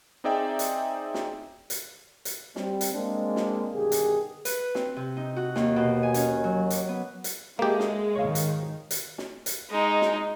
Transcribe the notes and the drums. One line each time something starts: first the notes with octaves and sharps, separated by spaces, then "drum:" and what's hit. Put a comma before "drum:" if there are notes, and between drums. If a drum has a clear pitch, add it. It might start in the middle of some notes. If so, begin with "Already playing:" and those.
C4 D#4 G#4 D5 E5 G5
drum: hi-hat
drum: snare
drum: hi-hat
drum: hi-hat
G3 C4, drum: snare
drum: hi-hat
G#3 A#3 C4 D4
drum: snare
G2 B2 D3 D#3 G4 G#4
drum: hi-hat
B4, drum: hi-hat
C4, drum: snare
C3
D#4
F#4
D#2, drum: snare
B2
G#5
C#4, drum: hi-hat
F#3
D6, drum: hi-hat
B3
drum: hi-hat
G#3 A#3 G4 A4 E5
drum: snare
G#2 D#3 C#5 F5
drum: hi-hat
drum: hi-hat
drum: snare
drum: hi-hat
G#3 D#4
drum: snare